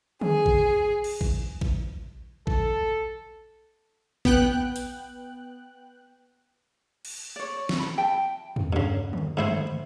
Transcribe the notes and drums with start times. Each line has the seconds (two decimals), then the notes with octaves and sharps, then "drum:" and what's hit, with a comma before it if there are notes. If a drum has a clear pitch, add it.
0.21 G#4, drum: tom D3
0.46 drum: kick A1
1.04 drum: cymbal
1.21 drum: kick A1
1.61 drum: kick A1
2.47 A4, drum: kick A1
4.25 B3 G5 F#6, drum: kick A1
4.76 drum: hi-hat
7.05 drum: cymbal
7.36 C#5 D5
7.69 drum: snare
7.79 B5
7.97 E5 G5 A5
8.56 drum: tom E2
8.73 G2 C#3
9.13 drum: tom D3
9.37 G#2 E4 C5
9.48 drum: tom D3